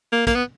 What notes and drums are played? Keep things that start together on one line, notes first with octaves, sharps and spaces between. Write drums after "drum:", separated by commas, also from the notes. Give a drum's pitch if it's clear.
A#3
A#3, drum: kick, hi-hat
B3